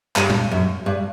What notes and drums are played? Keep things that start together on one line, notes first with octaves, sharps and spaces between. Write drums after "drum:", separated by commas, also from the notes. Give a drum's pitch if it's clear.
G2, drum: clap
drum: tom
F#2
G2